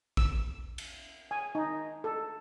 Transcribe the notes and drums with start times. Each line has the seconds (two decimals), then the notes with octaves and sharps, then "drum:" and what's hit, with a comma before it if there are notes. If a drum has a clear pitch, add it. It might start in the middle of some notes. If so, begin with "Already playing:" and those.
0.17 E6, drum: kick A#1
0.78 drum: cymbal
1.31 G#5
1.55 D#4
2.04 A4